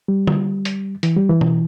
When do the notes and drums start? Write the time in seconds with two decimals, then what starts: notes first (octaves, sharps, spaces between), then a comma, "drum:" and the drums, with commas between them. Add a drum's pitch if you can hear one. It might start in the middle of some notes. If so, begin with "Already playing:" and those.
0.08 G3
0.27 drum: tom D3
0.65 drum: hi-hat
1.03 E3, drum: hi-hat
1.17 G3
1.29 E3
1.41 drum: tom B2